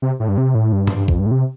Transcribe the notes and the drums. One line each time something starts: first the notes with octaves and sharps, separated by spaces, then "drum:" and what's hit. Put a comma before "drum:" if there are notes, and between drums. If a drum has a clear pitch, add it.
C3
A2
G2
C3
A2
G2
drum: tom G#2
G2
F2, drum: kick A#1
G2
A2
C3